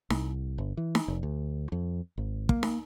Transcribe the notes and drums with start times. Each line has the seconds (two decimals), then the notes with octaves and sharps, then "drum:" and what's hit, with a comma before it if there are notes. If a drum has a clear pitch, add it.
0.10 C2, drum: snare D#4
0.58 G1
0.77 E3
0.95 drum: snare D#4
1.08 F1
1.23 D2
1.72 F2
2.18 G#1
2.49 A#3, drum: kick
2.63 drum: snare D#4